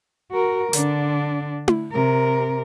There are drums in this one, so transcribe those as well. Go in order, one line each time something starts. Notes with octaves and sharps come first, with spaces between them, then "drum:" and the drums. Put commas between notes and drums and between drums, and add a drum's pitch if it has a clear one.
F#4 A#4
D3 D4, drum: hi-hat
drum: tom E4
C3 A#4